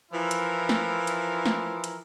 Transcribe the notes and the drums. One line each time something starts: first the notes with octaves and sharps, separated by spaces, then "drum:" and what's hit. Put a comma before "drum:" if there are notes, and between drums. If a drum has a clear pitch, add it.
E3 F3 E4 A#4
drum: hi-hat
drum: snare
drum: hi-hat
drum: snare
drum: hi-hat